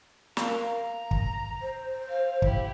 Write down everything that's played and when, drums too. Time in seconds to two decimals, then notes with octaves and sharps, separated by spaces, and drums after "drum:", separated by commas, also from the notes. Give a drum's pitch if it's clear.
0.37 A#4 F5, drum: snare
0.82 A#5
1.11 drum: kick
1.62 C5
2.09 F5
2.42 E4 G4, drum: kick